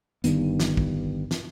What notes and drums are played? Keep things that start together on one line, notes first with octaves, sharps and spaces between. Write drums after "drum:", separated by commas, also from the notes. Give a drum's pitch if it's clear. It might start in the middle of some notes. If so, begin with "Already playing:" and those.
G1 G2 D#3 B3, drum: hi-hat
drum: snare
drum: kick
drum: snare